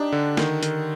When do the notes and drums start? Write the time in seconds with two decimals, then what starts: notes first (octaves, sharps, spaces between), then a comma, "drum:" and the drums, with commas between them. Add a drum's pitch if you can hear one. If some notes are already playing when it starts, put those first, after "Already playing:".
Already playing: D4 D#4 G4
0.12 D3
0.37 D#3, drum: snare
0.63 D#3, drum: hi-hat